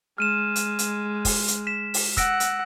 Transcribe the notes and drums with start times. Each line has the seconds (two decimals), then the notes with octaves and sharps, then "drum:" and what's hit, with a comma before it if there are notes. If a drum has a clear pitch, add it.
0.18 G#3 F6 D#7 E7
0.56 drum: hi-hat
0.79 drum: hi-hat
1.25 drum: kick, open hi-hat
1.48 drum: hi-hat
1.67 B6 E7
1.94 drum: open hi-hat
2.17 F#5 E6 A#6 D7, drum: kick, hi-hat
2.40 drum: hi-hat